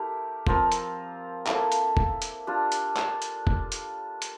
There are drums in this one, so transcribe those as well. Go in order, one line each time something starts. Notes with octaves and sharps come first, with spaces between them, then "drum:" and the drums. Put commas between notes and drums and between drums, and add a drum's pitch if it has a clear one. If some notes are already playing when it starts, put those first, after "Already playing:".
Already playing: A3 E4 G4 A#4
F3 C4 F4 A#4, drum: kick E1
drum: hi-hat
A#3 E4 A4, drum: clap
drum: hi-hat
drum: kick E1
drum: hi-hat
G3 D4 F4
drum: hi-hat
drum: clap
drum: hi-hat
drum: kick E1
drum: hi-hat
drum: hi-hat